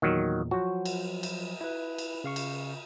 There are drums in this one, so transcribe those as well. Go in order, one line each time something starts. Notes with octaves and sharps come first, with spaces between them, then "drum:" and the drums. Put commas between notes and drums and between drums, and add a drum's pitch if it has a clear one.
E2 A#2 D#3 F#3
F3 F#3 F#4 C5
drum: cymbal
drum: cymbal
E4 B4
drum: cymbal
C#3 F5 C#6
drum: cymbal